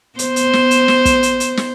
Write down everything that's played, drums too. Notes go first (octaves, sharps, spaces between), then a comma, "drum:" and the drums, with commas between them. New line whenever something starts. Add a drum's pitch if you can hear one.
B3 C5, drum: hi-hat
drum: hi-hat
drum: snare
drum: hi-hat
drum: snare
drum: kick, hi-hat
drum: hi-hat
drum: hi-hat
drum: snare